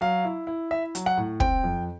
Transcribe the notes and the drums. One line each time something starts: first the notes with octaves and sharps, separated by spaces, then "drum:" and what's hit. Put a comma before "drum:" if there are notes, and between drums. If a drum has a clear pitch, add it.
F#3 F5
E4
E4
E4 E5
F#3, drum: hi-hat
F#5
A2
C4 G5, drum: kick
F2